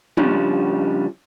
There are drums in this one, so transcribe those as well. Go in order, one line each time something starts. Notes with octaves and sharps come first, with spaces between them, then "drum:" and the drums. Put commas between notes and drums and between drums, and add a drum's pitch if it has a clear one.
C#3 F3 G3 C#4 D4, drum: tom